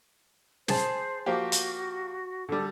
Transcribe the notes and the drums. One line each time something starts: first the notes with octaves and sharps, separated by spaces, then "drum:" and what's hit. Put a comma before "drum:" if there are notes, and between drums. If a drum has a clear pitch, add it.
G#4 C5 A5, drum: snare
F3 A#3 F#4 G4
drum: hi-hat
D3 G3 A4